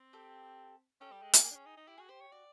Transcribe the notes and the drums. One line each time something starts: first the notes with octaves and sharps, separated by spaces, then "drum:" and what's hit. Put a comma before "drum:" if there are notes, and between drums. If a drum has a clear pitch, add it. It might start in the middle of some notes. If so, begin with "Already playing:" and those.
Already playing: C4
G4 A4
C#4 G4 A4
G3
G#3
A3 G4, drum: hi-hat
A#3 G#4
D4
C#4
D#4
D#4
E4 G4
F#4 G#4
G4 C5
C#5
F#4 D5